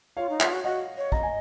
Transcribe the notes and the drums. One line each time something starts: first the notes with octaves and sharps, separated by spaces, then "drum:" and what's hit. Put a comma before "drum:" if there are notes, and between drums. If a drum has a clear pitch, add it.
F4 C#5 F5
D#4
F4, drum: clap
F#4
F#4 D#5 F#5
C#5
D#5 A#5, drum: kick
G#5